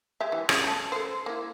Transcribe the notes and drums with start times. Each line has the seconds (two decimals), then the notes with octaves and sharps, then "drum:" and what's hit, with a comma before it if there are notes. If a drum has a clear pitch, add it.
0.20 G#3 G4 E5
0.32 E3
0.49 G#3 C#4, drum: rim click
0.64 A3 A5
0.92 A4 C5
1.26 A#3 E4